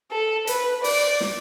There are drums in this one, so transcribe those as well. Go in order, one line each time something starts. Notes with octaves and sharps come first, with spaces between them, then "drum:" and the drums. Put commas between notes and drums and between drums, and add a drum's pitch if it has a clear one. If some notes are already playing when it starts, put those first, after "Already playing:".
A4
B4, drum: hi-hat
D5, drum: open hi-hat
drum: snare